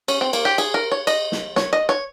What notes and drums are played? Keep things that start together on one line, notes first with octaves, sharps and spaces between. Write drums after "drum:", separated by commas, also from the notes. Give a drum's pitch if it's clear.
C#4, drum: cymbal
C4
A#3, drum: cymbal
G4
G#4, drum: cymbal
A#4
C#5
D#5, drum: cymbal
drum: snare
C#5, drum: snare
D#5
C#5